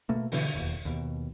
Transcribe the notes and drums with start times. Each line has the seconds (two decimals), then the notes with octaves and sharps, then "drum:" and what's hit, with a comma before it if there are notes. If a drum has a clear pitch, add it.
0.09 B2 A3 A#3
0.32 G2 B2 D3 E3, drum: open hi-hat
0.54 E1 D#2
0.85 D#2 B2